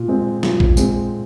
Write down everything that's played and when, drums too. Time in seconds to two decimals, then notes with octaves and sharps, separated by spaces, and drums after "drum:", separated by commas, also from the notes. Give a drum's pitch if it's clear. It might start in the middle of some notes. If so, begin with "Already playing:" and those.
Already playing: A#2
0.08 G#3 C4
0.43 A#2, drum: snare
0.60 drum: kick
0.77 G#3 C4, drum: tambourine